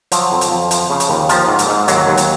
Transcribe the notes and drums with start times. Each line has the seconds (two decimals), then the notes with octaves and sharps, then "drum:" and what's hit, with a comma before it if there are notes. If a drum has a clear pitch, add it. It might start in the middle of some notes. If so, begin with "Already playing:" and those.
0.12 F3 F#3, drum: hi-hat
0.32 F2
0.41 drum: hi-hat
0.51 F2
0.71 F3, drum: hi-hat
0.90 C#3
1.00 drum: hi-hat
1.10 D#2
1.29 D#3 F3, drum: hi-hat
1.49 G#2
1.59 drum: hi-hat
1.69 G#2
1.88 D#2 F#3, drum: hi-hat
2.07 D#2
2.17 drum: hi-hat